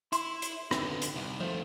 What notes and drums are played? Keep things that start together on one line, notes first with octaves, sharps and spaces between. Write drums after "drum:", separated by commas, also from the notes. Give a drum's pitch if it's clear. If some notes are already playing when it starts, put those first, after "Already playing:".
E4 C6, drum: hi-hat
drum: hi-hat
D3 B3 C4 D#4, drum: rim click
drum: hi-hat
C2
D#3 F3 A3 C5